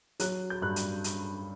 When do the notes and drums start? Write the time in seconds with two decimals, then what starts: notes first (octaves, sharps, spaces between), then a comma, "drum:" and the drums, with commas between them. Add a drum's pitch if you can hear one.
0.20 F#3 F#6, drum: hi-hat
0.50 G6
0.62 G2 F#6
0.76 drum: hi-hat
1.04 drum: hi-hat